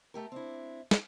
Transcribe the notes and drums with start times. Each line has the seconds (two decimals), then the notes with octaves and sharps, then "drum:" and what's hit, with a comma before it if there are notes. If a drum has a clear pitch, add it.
0.14 A3 G4 A#4
0.32 C4 D4 E4
0.91 drum: snare